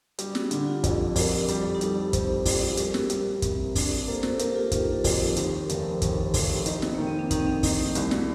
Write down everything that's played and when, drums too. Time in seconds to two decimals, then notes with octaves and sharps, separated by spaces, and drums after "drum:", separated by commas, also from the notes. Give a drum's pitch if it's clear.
0.19 G3 D4, drum: hi-hat
0.35 D#4, drum: snare
0.51 D3 F4, drum: hi-hat
0.60 G4
0.67 F4
0.84 F2 F4 A4, drum: kick, hi-hat
1.16 F2 G4 A#4, drum: kick, open hi-hat
1.48 G3 G4, drum: hi-hat
1.61 A4
1.75 D#4 G4
1.81 G3, drum: hi-hat
2.13 C4, drum: kick, hi-hat
2.45 A#1, drum: kick, open hi-hat
2.56 D5
2.67 C5
2.77 G3 G4 A#4, drum: hi-hat
2.94 drum: snare
3.10 G3, drum: hi-hat
3.42 C3, drum: kick, hi-hat
3.75 D4, drum: kick, open hi-hat
4.07 A#3 A4 C5
4.23 A4 C5, drum: snare
4.39 A#3 G4 A#4, drum: hi-hat
4.51 G4
4.55 F4 A4
4.72 D#3 F4 A4, drum: kick, hi-hat
5.04 F2 D#4 G4, drum: kick, open hi-hat
5.32 A4
5.36 D#2 D#4 G4, drum: hi-hat
5.58 G4 A#4
5.69 F1 A#4, drum: hi-hat
5.80 A4 C5
6.02 D#2, drum: kick, hi-hat
6.34 F1, drum: kick, open hi-hat
6.66 D#4, drum: hi-hat
6.82 drum: snare
6.94 D#3 A#3
7.07 C4
7.19 D4
7.31 D#3 D#4, drum: kick, hi-hat
7.40 C4
7.47 D4
7.63 A#3 D#4, drum: kick, open hi-hat
7.79 A3
7.95 C2 A3, drum: hi-hat
8.11 A#3, drum: snare